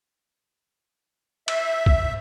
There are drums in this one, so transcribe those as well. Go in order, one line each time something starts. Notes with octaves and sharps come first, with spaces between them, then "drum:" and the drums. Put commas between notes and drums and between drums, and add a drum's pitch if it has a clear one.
E5, drum: cymbal
drum: kick